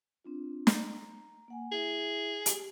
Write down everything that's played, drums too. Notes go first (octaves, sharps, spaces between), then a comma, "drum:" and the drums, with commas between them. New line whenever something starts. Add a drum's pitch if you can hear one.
C4 D4 F4
A#5, drum: snare
A#3 F#5 G#5
E4 G#4 E5
G4, drum: hi-hat